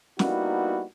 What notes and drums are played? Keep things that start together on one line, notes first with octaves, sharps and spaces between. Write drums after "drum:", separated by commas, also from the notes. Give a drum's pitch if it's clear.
G3 A#3 B3 D#4 E4 F#4, drum: snare